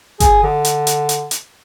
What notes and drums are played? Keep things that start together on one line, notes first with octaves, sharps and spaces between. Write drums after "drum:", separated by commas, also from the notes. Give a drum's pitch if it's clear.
G#4, drum: kick G1, hi-hat
D3
drum: hi-hat
drum: hi-hat
drum: hi-hat
drum: hi-hat